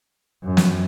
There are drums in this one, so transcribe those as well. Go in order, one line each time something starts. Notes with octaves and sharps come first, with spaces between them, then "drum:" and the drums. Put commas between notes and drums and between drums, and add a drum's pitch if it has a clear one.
F#2
drum: snare